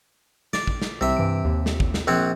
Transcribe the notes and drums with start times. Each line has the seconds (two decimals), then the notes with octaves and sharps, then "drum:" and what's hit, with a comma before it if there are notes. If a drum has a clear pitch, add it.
0.53 D5, drum: snare
0.67 drum: kick
0.82 drum: snare
1.01 C2 C3 E5
1.16 G2 E3 D7
1.45 D#2
1.66 drum: snare
1.80 drum: kick
1.94 drum: snare
2.07 A#1 C4 C#5 F#6